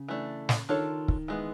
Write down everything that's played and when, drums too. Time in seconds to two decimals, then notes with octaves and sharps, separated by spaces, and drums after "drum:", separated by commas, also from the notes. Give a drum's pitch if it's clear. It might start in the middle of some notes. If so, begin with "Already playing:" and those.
Already playing: C#3
0.08 E3 A3 D4
0.49 drum: snare
0.69 D#3 D4 F4 A4 C#5
1.08 drum: kick
1.28 E3 G#3 B3